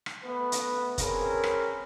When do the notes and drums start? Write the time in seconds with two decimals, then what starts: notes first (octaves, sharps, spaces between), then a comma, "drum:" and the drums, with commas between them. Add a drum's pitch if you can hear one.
0.06 drum: rim click
0.23 A3 B3 B4
0.52 drum: hi-hat
0.98 C4 C#4 G#4 A#4 B4, drum: kick, hi-hat
1.44 drum: rim click